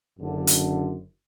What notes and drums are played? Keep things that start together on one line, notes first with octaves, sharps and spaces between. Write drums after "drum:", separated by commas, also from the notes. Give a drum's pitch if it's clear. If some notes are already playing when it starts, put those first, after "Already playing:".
F#1 F#2 D3
drum: hi-hat